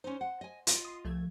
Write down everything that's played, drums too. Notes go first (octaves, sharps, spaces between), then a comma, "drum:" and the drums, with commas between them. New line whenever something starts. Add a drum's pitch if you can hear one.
C#4 D#4 C5
F#5
D#5 G#5
F4 D#5, drum: hi-hat
C6 D#6
C2 F3 A3 G#6